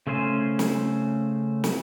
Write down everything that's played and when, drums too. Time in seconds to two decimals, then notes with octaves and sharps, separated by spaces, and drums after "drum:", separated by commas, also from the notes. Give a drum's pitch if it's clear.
0.07 C#3 A3 C#4 C5 G#5
0.59 drum: snare
1.64 drum: snare